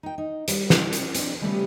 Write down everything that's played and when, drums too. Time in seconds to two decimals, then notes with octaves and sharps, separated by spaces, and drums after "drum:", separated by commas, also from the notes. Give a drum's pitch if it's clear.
0.03 D#4 G5
0.18 D#4
0.48 G3, drum: hi-hat
0.70 drum: snare
0.93 drum: hi-hat
1.15 C4 D4, drum: hi-hat
1.41 C#3 G3 A3 B3 C#4 G4